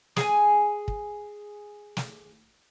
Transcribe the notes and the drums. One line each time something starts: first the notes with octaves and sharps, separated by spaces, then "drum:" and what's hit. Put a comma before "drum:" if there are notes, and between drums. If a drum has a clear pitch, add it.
G#4 G#5, drum: snare
drum: kick
drum: snare